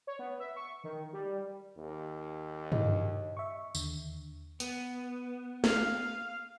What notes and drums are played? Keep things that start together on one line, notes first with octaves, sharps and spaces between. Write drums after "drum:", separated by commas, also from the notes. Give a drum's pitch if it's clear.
C#5
B3
E5
C#6
D#3
G3
D#2
D#5, drum: tom
E5 C#6
D#2 D3, drum: tambourine
B3, drum: hi-hat
F5, drum: snare